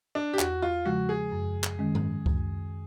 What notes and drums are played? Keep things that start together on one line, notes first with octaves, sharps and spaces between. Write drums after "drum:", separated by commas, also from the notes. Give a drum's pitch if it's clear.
D4
G4
E2 F#4, drum: clap
F4
C#3 F3 G#3 F#4
G#4
F#2
drum: clap
D#3 G#3 C#4
drum: tom G2
F#2, drum: kick C#2